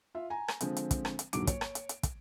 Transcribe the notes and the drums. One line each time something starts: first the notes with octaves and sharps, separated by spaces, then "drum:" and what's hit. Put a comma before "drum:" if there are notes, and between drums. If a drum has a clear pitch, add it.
F4 E5
G#5 A#5
drum: rim click
D3 F3 G#3 C4, drum: hi-hat
drum: hi-hat
drum: kick, hi-hat
drum: rim click
drum: hi-hat
D#1 G#2 D3 F#3 D6 D7, drum: hi-hat
C#5, drum: kick, hi-hat
drum: rim click
drum: hi-hat
drum: hi-hat
drum: kick, hi-hat